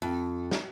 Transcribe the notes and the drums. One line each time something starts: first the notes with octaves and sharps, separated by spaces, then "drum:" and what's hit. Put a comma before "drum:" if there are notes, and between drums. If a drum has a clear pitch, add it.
F2
drum: snare